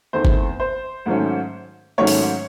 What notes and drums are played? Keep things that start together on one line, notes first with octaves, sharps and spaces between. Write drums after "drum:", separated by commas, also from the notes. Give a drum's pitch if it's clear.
E2 D#3 A3 C4 C5
drum: kick G1
C5
G#2 D#3 F#3 A3 C#4
G#2 D#3 F#3 A3 C#4 C#5
drum: open hi-hat